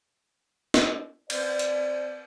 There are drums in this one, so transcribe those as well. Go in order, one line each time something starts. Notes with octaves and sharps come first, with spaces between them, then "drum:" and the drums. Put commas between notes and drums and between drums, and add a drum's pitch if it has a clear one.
drum: snare
C4 C5 D5, drum: cymbal
drum: hi-hat